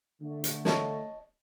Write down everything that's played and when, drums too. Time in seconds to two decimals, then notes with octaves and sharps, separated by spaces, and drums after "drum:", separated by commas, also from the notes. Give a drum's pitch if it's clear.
0.22 D3 A3
0.44 drum: hi-hat
0.65 C#5 D#5 A5, drum: snare